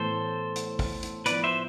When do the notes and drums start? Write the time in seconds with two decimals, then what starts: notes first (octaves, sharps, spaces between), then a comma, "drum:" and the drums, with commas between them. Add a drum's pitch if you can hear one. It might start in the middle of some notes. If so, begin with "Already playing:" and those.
Already playing: A2 E3 B3 A4 C5
0.56 drum: hi-hat
0.79 drum: kick, open hi-hat
1.03 drum: hi-hat
1.26 F3 B3 E4 B4 D5, drum: hi-hat
1.44 C5 E5